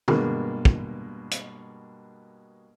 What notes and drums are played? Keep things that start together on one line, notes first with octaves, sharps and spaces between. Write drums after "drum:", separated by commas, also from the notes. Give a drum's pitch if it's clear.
G2 B2 G#3 A#3, drum: tom
drum: kick
drum: hi-hat